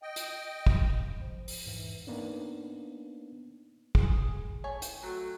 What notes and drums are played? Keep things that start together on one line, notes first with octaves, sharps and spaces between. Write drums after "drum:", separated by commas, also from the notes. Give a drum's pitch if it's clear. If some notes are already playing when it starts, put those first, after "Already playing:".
D#5 G5
drum: hi-hat
drum: kick
F3
drum: open hi-hat
E1 G#2 E3
A#3 B3 D4 D#4
G#4, drum: kick
A3 C#5 G#5
G5, drum: hi-hat
F#3 A3